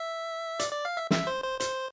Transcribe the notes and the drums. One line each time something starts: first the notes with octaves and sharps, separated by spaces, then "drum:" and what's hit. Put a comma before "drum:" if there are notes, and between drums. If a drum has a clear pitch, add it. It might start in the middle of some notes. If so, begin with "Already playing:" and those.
Already playing: E5
D5, drum: hi-hat
D5
F5
E5
E5, drum: snare
C5
C5
C5, drum: hi-hat